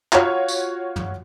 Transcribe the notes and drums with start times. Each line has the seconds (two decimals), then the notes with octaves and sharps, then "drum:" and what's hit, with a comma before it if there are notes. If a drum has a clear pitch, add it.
0.13 F4 F#4 C#5, drum: clap
0.49 drum: tambourine
0.96 drum: tom